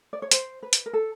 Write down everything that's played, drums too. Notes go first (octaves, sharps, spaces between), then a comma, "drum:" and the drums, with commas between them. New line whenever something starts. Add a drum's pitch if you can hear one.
D5
C#5
C5, drum: hi-hat
B4
drum: hi-hat
A#4
A4